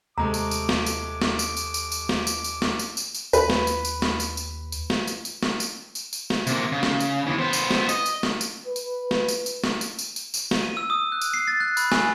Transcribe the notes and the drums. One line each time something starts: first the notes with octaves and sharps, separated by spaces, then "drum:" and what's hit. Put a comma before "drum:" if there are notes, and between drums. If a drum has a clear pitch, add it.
D#2 C3 G#3 A3 A#5 D6
drum: tambourine
drum: tambourine
drum: snare
drum: tambourine
drum: snare
drum: tambourine
drum: tambourine
drum: tambourine
drum: tambourine
drum: snare
drum: tambourine
drum: tambourine
drum: snare
drum: tambourine
drum: tambourine
drum: tambourine
D#2 B4, drum: tambourine
drum: snare
drum: tambourine
drum: tambourine
drum: snare
drum: tambourine
drum: tambourine
drum: tambourine
drum: snare
drum: tambourine
drum: tambourine
drum: snare
drum: tambourine
drum: tambourine
drum: tambourine
drum: snare
C3 A#3, drum: tambourine
C#3
drum: snare
drum: tambourine
D#2 E3
B3 C5
drum: tambourine
drum: snare
D#5, drum: tambourine
drum: tambourine
drum: snare
drum: tambourine
B4
drum: tambourine
drum: snare
drum: tambourine
drum: tambourine
drum: snare
drum: tambourine
drum: tambourine
drum: tambourine
drum: tambourine
drum: snare
D#7
E6
D#6
F#6
drum: tambourine
C7
A6
F#6
B5, drum: tambourine
G#5, drum: snare